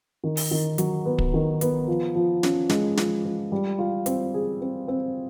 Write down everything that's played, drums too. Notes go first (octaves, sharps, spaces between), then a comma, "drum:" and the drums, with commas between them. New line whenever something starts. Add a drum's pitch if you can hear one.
D#3
drum: open hi-hat
D#3
F#3, drum: hi-hat
B3
drum: kick
D#3
B3, drum: hi-hat
F3
F3
C#4, drum: snare
G#3, drum: snare
F3, drum: snare
F3
G3
F4
C4, drum: hi-hat
G#4
C4
C4